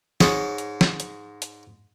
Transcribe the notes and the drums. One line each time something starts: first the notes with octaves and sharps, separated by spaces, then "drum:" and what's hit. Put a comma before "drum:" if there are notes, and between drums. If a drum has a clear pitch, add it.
G#2 G#3 C#5, drum: snare
drum: hi-hat
drum: snare
drum: hi-hat
drum: hi-hat